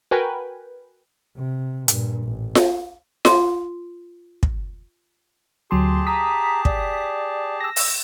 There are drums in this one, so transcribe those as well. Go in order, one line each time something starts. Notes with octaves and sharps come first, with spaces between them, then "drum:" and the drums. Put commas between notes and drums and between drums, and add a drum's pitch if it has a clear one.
F#4 A#4 B4 G5 G#5
C3
G2 A#2, drum: hi-hat
A1
drum: snare F4
F4 C6, drum: snare F4
drum: kick
D2 F#3 G4 G#4 A5 C6
A#5 D#6 B6
D5, drum: kick
E6 A#6
drum: open hi-hat